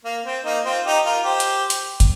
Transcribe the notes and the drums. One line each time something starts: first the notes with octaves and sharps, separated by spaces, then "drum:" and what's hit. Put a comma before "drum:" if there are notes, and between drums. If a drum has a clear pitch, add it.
A#3
C4
A#3 D#4
C4 F4
D#4 G4
F4 A#4
G4 C5
drum: hi-hat
drum: hi-hat
drum: kick, hi-hat